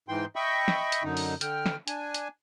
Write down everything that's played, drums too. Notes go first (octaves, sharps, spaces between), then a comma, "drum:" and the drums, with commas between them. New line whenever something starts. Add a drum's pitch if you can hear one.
G#2 E3 G5 C6
D#5 E5 G5 B5 C#6
drum: snare
drum: hi-hat
F#2 D3 D#4
drum: open hi-hat
D3 G5 F6, drum: hi-hat
drum: snare
D4 G#5, drum: hi-hat
drum: hi-hat